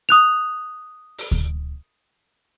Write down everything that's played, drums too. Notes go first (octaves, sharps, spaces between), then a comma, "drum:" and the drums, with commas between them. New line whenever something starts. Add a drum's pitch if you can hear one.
D#6 F#6 F7
drum: open hi-hat
drum: kick D2